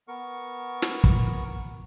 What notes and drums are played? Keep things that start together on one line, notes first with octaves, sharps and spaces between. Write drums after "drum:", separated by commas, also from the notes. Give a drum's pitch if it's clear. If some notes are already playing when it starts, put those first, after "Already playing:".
B3 A#4 C#6
drum: snare
drum: kick